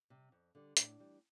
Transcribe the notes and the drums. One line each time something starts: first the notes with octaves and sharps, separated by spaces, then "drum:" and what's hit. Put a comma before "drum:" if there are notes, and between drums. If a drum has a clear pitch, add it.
C3 G3
F2
D3 G3
A2 D4, drum: hi-hat
E3 G3